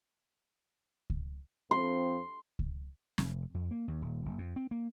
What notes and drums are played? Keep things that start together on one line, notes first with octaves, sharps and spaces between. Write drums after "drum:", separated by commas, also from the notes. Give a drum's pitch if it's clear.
drum: kick C#2
F2 F3 C4 C6
drum: kick C#2
F1, drum: snare
F2
A#3
D#2
D#1
F#1
F2
C4
A#3